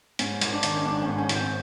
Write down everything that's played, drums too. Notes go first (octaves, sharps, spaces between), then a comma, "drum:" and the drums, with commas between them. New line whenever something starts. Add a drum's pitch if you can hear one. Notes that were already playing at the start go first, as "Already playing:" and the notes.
G#2 C#4, drum: hi-hat
G#1, drum: hi-hat
D4
D#3, drum: hi-hat
C#4
G#2 D4
G#2 C#4
C#4
G#1, drum: hi-hat
C4